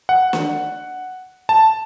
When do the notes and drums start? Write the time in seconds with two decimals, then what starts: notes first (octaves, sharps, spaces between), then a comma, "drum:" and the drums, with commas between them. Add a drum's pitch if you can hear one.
0.09 F#5
0.33 drum: snare
1.49 A5